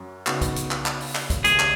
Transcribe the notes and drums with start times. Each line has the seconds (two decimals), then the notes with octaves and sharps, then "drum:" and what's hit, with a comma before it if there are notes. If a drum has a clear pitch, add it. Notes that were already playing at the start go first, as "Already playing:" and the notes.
Already playing: F#2 F#3 C#4
0.27 C#3 B3 D#4 F#4, drum: clap
0.41 drum: kick B1, hi-hat
0.56 drum: hi-hat
0.71 drum: clap
0.86 drum: clap
1.00 drum: open hi-hat
1.15 drum: clap
1.30 drum: kick B1, hi-hat
1.44 D#2 C#3 G#3 G#4, drum: hi-hat
1.59 drum: clap